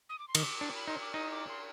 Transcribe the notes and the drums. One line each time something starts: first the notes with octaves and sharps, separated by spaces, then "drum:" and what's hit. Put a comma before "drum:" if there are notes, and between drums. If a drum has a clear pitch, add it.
D#6
D6
C6
D#3, drum: cymbal
D6
D4
B5
D#4 C6
D6
D#4 D#6
D6
C6